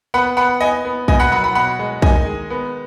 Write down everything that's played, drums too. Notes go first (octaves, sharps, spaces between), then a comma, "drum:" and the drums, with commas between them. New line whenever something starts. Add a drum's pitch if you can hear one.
B3 F#5 B5
B3 F#5 B5
B3 D#5 G#5
B3
B2 D#5 G#5, drum: kick
F#5 B5
F#3 F#5 B5
F#5 B5
B2 F#5 B5
G#3
D#3 D#5 G#5, drum: kick
G#3
B3